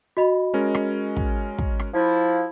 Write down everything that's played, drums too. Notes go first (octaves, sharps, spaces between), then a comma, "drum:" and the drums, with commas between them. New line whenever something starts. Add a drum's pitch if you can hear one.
F#4 D#5 B5
G#3 C#4 A#4
drum: rim click
drum: kick
drum: kick
drum: rim click
F3 E4